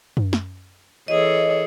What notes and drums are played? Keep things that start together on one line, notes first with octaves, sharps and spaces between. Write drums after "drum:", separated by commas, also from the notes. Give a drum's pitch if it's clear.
drum: tom F#2
drum: snare
E3 G#4 A4 C#5 D#5